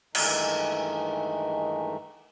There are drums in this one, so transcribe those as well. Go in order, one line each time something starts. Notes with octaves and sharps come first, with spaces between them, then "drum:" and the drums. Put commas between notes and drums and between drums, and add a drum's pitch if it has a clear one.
G2 D#3 E3 G#3 A3 D#4, drum: cymbal